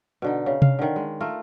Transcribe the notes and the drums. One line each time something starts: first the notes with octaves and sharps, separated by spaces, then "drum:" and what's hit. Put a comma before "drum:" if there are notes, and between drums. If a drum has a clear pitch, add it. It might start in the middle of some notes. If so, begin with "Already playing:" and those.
B2 D3 D#4
C#3
F5, drum: tom C3
D3 D#3
G#3
A3 F4 A#4